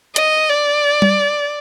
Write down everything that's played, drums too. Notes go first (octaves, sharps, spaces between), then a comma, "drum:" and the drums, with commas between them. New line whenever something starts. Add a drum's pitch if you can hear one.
D#5, drum: hi-hat
D5
drum: tom G3